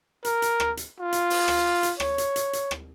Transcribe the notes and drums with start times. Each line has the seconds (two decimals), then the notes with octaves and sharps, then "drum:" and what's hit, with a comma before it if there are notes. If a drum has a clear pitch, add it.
0.25 A#4, drum: hi-hat
0.42 drum: hi-hat
0.60 drum: rim click
0.77 drum: hi-hat
0.99 F4
1.13 drum: hi-hat
1.30 drum: open hi-hat
1.48 drum: rim click
1.83 drum: hi-hat
2.00 C#5, drum: rim click
2.18 drum: hi-hat
2.36 drum: hi-hat
2.53 drum: hi-hat
2.71 drum: rim click